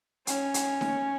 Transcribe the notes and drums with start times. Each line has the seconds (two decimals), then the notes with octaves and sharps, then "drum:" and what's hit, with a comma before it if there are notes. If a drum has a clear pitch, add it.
0.27 C#4, drum: hi-hat
0.54 drum: hi-hat
0.81 drum: snare D#4